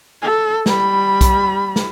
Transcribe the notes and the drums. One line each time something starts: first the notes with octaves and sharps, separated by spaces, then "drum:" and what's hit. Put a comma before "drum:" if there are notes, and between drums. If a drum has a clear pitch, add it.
A4
G3 B5, drum: snare
drum: kick, hi-hat
drum: snare